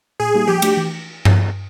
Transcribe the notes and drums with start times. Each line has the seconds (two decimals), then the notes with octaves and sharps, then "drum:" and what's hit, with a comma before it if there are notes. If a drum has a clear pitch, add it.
0.20 A#2 G#4
0.34 G3 A#3 D#4 G4
0.48 F3 G4
0.62 A3 D4 F#4, drum: cymbal
0.77 E3
1.25 drum: tom G2